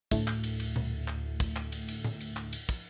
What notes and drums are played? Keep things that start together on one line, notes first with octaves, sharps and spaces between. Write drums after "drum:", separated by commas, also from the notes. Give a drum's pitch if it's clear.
D2 A2 A3, drum: kick, cymbal
drum: clap
drum: cymbal
drum: cymbal
drum: tom A#2
drum: clap
drum: kick, cymbal
drum: clap
drum: cymbal
drum: cymbal
drum: tom A2
drum: cymbal
drum: clap
drum: cymbal
drum: kick, cymbal